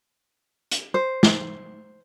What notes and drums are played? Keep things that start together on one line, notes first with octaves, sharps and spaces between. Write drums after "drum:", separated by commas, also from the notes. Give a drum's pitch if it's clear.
drum: hi-hat
C5
drum: snare